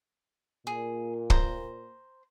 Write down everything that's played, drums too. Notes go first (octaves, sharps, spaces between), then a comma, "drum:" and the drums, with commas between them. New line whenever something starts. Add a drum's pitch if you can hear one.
A#2 G#4
C5 A#5, drum: kick